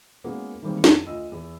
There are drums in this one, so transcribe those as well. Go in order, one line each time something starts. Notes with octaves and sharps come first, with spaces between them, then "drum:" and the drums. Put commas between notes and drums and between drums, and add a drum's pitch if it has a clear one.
G#3 A#3 B3 C#4 E4 F#4
D#3 E3 G3 G#3 A#3 C4
F2 D#7, drum: snare
D2 F4 D#5 E6
E2